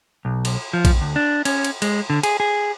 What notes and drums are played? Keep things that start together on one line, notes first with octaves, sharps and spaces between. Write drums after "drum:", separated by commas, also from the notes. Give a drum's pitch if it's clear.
B1
drum: cymbal
F3
drum: kick A#1, cymbal
D2
D4
C#4, drum: cymbal
drum: cymbal
G#3, drum: cymbal
D3
G#4, drum: cymbal
G#4